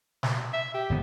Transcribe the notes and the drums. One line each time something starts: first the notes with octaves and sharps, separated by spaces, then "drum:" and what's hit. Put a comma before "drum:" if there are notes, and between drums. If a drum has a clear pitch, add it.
drum: snare
E5
G4
G#1 D3 B3